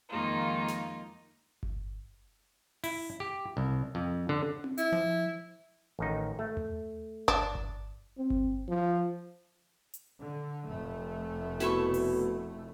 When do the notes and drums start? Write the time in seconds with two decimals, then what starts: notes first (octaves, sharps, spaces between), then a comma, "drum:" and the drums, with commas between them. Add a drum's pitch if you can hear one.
0.11 F2 D#3 G#3 A#3 D#4 F4
0.68 drum: snare
1.63 drum: kick G1
2.84 E4, drum: open hi-hat
3.20 G4
3.57 C2
3.95 F2
4.29 D3
4.64 drum: tom C4
4.78 E4, drum: hi-hat
4.92 F3
5.99 A1 D#3 D#4
6.39 A3
6.57 drum: tom D#2
7.28 D4, drum: kick G1
7.55 drum: kick G1
8.18 C4
8.30 drum: kick G1
8.68 F3
9.94 drum: hi-hat
10.20 D3
10.67 F1 A3
11.60 B2 E4 A4 C#6, drum: snare
11.94 drum: open hi-hat